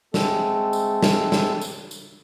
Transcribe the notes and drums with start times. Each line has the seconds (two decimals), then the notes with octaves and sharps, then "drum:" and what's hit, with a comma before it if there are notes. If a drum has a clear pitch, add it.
0.14 G#3 A3 C4 A4, drum: snare
0.73 drum: tambourine
1.03 drum: snare
1.32 drum: snare
1.61 drum: tambourine
1.91 drum: tambourine